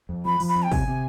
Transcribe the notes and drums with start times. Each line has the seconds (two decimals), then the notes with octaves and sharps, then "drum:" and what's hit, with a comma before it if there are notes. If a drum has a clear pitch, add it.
0.09 F2
0.25 F3 B5
0.40 F3, drum: open hi-hat
0.48 B5
0.56 F2
0.63 G5
0.72 C3 G#5, drum: kick, open hi-hat
0.88 C3